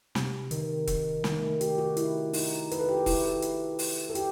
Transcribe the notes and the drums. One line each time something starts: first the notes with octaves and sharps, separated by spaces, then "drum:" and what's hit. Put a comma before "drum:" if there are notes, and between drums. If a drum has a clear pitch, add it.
C3, drum: snare
D#3, drum: hi-hat
drum: kick E1, hi-hat
D#3, drum: snare
A3
G4, drum: hi-hat
F#4
E4, drum: hi-hat
D#4, drum: open hi-hat
B4, drum: hi-hat
A4
G4
F#4
E4, drum: kick E1, open hi-hat
A4
drum: hi-hat
drum: open hi-hat
A4
G4, drum: hi-hat